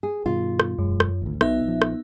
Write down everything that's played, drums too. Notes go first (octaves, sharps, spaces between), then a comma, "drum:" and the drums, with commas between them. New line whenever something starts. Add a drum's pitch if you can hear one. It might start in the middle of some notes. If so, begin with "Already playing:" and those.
G#4
G2 B2 D#3 F4
drum: rim click
E1 F#2 G#3
drum: rim click
G#1 D2
B1 B2 B3 D#4 E5, drum: rim click
A#1 F3
drum: rim click